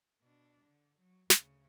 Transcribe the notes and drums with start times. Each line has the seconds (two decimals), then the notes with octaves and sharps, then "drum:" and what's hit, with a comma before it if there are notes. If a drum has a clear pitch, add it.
0.21 B2 D4
0.63 D3
0.98 F#3
1.30 D2 C#3, drum: snare